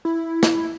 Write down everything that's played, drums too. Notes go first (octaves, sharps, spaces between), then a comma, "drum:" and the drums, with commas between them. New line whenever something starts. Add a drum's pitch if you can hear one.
E4
drum: snare